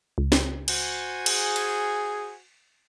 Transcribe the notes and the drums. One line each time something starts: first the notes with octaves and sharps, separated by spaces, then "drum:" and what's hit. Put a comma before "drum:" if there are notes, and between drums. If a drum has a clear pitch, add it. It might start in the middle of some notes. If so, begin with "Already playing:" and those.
C#2
drum: snare
F#4 C5 G#5, drum: cymbal
G#4, drum: cymbal
drum: cymbal